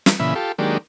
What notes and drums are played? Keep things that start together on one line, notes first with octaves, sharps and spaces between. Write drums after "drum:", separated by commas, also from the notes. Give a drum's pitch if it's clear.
drum: snare
A#2 C#3 E3 E5 B5
F4 G4 A4
D#3 F#3 G#3 A#3 D4 G4